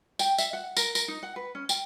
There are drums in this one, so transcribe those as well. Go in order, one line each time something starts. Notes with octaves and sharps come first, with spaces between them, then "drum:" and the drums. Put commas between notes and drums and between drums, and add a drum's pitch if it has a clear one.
G5, drum: tambourine
E5, drum: tambourine
F#5
A#4, drum: tambourine
A#4, drum: tambourine
D#4
F#5
B4
C#4
G5, drum: tambourine